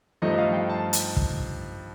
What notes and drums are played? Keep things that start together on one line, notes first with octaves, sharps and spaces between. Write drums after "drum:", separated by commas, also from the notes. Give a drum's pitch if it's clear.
G2 F3 A3 D#4 D#5
F5
G5
A5
drum: hi-hat
drum: kick